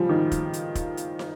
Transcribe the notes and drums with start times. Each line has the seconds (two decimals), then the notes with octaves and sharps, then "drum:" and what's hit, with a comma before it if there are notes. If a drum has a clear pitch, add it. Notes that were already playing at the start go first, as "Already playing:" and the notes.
Already playing: C#3 F3 G3
0.09 D#3
0.32 drum: kick, hi-hat
0.53 drum: hi-hat
0.75 drum: kick, hi-hat
0.97 drum: hi-hat
1.19 drum: snare